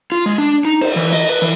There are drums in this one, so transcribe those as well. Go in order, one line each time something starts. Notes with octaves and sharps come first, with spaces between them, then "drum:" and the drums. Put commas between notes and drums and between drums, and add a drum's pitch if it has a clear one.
F4
G#3
D4
D#4
C5, drum: cymbal
E3
D#5
B4
E3